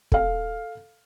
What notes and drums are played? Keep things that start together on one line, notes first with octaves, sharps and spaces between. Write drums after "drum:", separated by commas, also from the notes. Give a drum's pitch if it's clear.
A4 F5, drum: kick